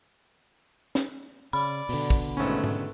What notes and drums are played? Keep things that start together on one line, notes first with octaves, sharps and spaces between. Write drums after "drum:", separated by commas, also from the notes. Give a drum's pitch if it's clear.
drum: snare
C#3 D5 B5
B2 D3, drum: open hi-hat
drum: kick
G#1 A3 C#4 B4
drum: tom G#2